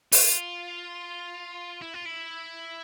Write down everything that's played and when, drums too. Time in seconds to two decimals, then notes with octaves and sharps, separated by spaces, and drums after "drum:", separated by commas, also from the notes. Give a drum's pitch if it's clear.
0.12 F4, drum: open hi-hat
1.82 E4
1.94 F4
2.06 E4